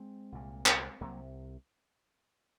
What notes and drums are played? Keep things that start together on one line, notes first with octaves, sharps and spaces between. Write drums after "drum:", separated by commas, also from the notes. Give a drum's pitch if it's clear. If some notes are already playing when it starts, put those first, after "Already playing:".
Already playing: G#3 C4
C2 A#2
drum: clap
C2 C3 F#3 A#3